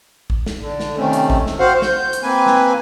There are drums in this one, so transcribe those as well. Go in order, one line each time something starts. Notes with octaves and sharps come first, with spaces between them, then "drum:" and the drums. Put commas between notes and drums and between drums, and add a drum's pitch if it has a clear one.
drum: kick A#1
drum: snare
D3
drum: snare
C3 D#3 A3 C#4
drum: hi-hat
drum: kick A#1
drum: snare
C4 F#4 C5 F5 F#5
G6, drum: snare
drum: hi-hat
A#3 C4 B4 G#5
drum: snare